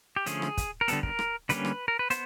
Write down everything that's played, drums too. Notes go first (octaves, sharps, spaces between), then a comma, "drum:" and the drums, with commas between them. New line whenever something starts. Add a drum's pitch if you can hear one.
G4
D3 F3 A3 C#4 G#4, drum: hi-hat
drum: rim click
drum: kick, hi-hat
A#4
D3 G3 B3 A4, drum: hi-hat
A#4, drum: kick
drum: rim click
D3 G3 A#3 C#4 B4, drum: hi-hat
drum: rim click
A#4
B4
B3 C5, drum: hi-hat